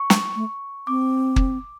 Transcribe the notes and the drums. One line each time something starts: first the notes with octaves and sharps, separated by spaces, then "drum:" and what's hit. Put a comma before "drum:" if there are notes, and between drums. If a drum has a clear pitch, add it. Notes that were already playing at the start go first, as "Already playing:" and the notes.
Already playing: C#6
G#3, drum: snare
A3
C4 D6
drum: kick